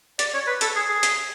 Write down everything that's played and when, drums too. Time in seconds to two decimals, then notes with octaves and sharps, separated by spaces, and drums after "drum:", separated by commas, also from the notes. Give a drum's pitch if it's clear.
0.19 D5, drum: hi-hat
0.34 C#5
0.47 B4
0.61 A4, drum: hi-hat
0.76 G#4
0.89 G#4
1.03 drum: hi-hat